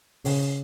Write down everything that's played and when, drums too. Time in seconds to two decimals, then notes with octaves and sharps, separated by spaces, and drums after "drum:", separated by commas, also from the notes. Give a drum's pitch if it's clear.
0.25 C#3, drum: open hi-hat